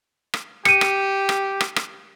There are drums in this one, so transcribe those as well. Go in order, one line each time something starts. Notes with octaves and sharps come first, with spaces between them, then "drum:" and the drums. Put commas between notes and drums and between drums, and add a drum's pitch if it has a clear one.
drum: rim click
G4 C#7 D#7, drum: rim click
drum: rim click
drum: rim click
drum: rim click
drum: rim click